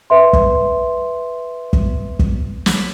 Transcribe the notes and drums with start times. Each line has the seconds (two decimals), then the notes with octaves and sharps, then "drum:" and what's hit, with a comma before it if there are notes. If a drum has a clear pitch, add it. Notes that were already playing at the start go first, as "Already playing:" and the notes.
0.10 B4 E5 C6
0.33 drum: kick
1.73 drum: kick
2.19 drum: kick
2.66 drum: snare